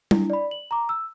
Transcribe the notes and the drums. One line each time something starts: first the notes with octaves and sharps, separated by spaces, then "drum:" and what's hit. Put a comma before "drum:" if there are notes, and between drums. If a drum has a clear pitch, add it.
D4 E4, drum: tom
D5 B5
F#7
A#5 D6
E6